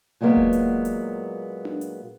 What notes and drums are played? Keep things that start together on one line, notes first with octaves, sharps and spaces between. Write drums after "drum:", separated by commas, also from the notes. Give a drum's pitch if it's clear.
A#2 F#3 G#3 A#3 B3
drum: kick D#1
drum: hi-hat
drum: hi-hat
drum: tom D4
drum: hi-hat